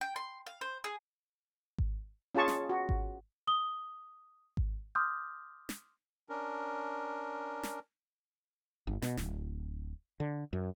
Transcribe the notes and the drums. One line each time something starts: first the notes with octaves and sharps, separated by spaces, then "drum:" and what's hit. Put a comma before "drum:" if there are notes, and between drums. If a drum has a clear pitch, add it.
G5
C6
F5
C5
G#4
drum: kick G#1
C#4 F4 G#4 A5 C#6
drum: snare
F#4
drum: kick G#1
D#6 G7
drum: kick G#1
C6 D6 D#6 F6 G6
drum: snare
C#4 D4 A#4
drum: snare
G1
B2, drum: snare
D1, drum: snare
D3
F#2